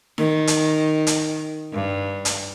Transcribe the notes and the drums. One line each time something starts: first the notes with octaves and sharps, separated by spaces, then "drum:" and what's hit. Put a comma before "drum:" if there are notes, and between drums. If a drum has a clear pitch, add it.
D#3, drum: snare D#4
drum: hi-hat
drum: hi-hat
G2
drum: hi-hat